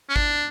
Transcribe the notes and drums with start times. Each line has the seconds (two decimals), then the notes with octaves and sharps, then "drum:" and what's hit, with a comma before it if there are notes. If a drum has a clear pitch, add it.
0.10 C#4
0.16 D4, drum: kick G#1